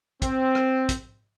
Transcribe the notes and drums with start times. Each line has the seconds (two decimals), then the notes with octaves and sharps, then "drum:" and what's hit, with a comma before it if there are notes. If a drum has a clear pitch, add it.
0.22 C4, drum: kick, hi-hat
0.55 drum: rim click
0.89 drum: kick, hi-hat